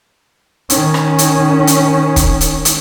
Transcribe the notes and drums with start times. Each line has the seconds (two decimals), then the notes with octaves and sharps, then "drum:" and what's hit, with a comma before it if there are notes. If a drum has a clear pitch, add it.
0.70 D#3 C#4, drum: hi-hat
0.94 drum: rim click
1.18 drum: hi-hat
1.67 drum: hi-hat
2.16 drum: kick, hi-hat
2.41 drum: hi-hat
2.65 drum: hi-hat